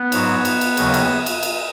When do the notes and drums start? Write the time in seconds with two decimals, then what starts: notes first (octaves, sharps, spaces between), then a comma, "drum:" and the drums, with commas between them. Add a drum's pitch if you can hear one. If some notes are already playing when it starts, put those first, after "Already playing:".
Already playing: B3
0.12 G#2 F#3, drum: cymbal
0.45 drum: cymbal
0.61 drum: cymbal
0.77 D#2 C#3 F#3, drum: cymbal
0.94 drum: cymbal
1.26 drum: cymbal
1.43 drum: cymbal